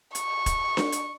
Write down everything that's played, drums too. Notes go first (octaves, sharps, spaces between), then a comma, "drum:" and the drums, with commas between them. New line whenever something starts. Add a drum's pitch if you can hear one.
C#6, drum: hi-hat
drum: kick, hi-hat
drum: snare D4
drum: hi-hat